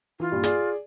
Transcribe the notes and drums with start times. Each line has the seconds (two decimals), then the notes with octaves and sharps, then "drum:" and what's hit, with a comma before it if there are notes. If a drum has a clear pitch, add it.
0.20 E3 F4
0.32 G2 A#2 G3
0.44 G#4 D5, drum: hi-hat